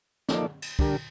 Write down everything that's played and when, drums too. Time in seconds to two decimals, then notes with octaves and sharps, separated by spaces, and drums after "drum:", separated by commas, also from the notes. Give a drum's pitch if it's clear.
0.29 F3 A#3 D#4 A4 D5, drum: snare
0.62 drum: cymbal
0.79 D3 G3 D4 G4 A#4, drum: kick